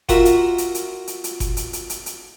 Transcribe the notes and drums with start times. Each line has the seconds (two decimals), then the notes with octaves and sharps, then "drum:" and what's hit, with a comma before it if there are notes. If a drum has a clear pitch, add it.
0.09 F4 F#4 A#4 E5, drum: kick F#1, hi-hat
0.25 drum: hi-hat
0.58 drum: hi-hat
0.75 drum: hi-hat
1.07 drum: hi-hat
1.24 drum: hi-hat
1.40 drum: kick F#1, hi-hat
1.57 drum: hi-hat
1.73 drum: hi-hat
1.90 drum: hi-hat
2.06 drum: hi-hat